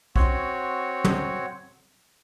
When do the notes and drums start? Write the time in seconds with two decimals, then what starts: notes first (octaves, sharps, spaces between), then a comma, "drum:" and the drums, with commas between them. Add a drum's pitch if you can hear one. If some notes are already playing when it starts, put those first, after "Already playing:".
0.16 C4 F#4 C#5, drum: kick B1
1.04 drum: tom